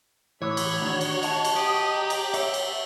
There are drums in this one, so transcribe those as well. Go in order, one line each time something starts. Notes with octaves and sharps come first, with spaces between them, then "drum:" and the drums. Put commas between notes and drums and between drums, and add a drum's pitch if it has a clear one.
A2 E3 C#5 B5
drum: cymbal
D#3 D4 F#4
drum: cymbal
D#5 A5, drum: cymbal
drum: cymbal
G4 D#6
A#5
drum: cymbal
C#5 E5, drum: cymbal
drum: cymbal